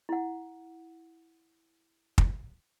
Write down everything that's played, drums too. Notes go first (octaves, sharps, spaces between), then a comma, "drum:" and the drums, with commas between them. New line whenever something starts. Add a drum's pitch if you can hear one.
E4 F#5
drum: kick